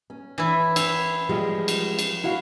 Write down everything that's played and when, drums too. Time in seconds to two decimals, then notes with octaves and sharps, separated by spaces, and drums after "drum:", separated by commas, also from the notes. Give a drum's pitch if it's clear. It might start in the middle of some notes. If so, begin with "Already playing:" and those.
0.10 C#4
0.38 E3 E4
0.76 E4, drum: cymbal
1.29 F3 G3 G#3
1.68 drum: cymbal
1.99 drum: cymbal
2.24 E4 F#4 F5